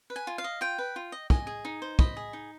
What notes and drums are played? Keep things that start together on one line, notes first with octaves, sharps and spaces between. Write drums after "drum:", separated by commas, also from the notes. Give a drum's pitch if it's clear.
B4
G#5
F4
F5
D#5
F4 G5
B4
F4
D#5
D#5 G#5, drum: kick
G#4
D#4
C5
D#5 B5, drum: kick
G#4
D#4